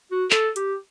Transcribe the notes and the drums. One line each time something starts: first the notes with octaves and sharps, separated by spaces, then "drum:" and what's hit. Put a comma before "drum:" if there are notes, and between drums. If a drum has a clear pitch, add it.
F#4
A4, drum: clap
G4, drum: hi-hat